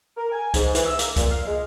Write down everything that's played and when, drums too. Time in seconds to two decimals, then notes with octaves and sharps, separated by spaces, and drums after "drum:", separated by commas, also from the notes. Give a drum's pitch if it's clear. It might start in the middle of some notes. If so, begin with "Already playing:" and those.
0.17 A#4
0.32 G#5
0.54 G#2, drum: kick C#2, hi-hat
0.75 E3, drum: hi-hat
0.86 E6
0.99 A#3, drum: hi-hat
1.16 A#2, drum: kick C#2, hi-hat
1.31 F5
1.47 G#3